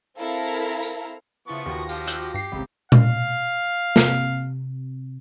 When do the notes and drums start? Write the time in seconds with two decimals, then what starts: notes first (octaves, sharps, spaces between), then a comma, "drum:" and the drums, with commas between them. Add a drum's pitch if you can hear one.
0.19 C4 E4 A4 A#4 F5 A#5
0.82 drum: tambourine
1.48 C#3 F3 B3 E4 C#6 A6
1.66 D#2 F4 F#4 A#6
1.89 F3 G4 F5, drum: tambourine
2.07 E6 F#6 G6, drum: hi-hat
2.34 G2 G4 C7
2.52 G#1 C#2 A2 C3
2.92 F5, drum: tom A#2
3.96 C3, drum: snare